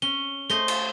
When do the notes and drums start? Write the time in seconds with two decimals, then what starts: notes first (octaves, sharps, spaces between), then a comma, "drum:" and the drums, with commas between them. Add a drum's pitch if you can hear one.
0.02 C#4 G7
0.50 A3 C5 D#5 G7
0.68 drum: cymbal